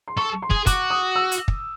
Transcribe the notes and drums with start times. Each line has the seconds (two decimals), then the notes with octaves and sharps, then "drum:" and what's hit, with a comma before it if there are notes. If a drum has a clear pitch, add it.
0.08 C6
0.17 A4 C#6
0.42 C6
0.51 G#4, drum: kick
0.67 F#4 D6, drum: kick, hi-hat
0.90 D#6
1.16 E6
1.32 drum: hi-hat
1.48 drum: kick